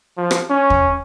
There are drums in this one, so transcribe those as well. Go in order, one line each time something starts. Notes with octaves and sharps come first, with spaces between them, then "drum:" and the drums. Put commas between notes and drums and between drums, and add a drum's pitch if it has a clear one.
F3
drum: rim click
C#4
drum: kick